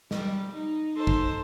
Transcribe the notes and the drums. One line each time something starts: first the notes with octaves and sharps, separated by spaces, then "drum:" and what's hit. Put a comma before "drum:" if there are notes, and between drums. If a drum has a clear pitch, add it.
G3, drum: snare
D#4
D#4 A4 C5
drum: kick